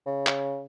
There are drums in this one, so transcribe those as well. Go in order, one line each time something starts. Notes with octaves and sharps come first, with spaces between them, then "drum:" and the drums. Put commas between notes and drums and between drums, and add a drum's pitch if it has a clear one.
C#3
drum: clap